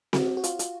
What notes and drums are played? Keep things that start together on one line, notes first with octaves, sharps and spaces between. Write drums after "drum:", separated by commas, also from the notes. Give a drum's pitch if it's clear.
F#4, drum: snare C4
F#4
F4, drum: hi-hat
F4, drum: hi-hat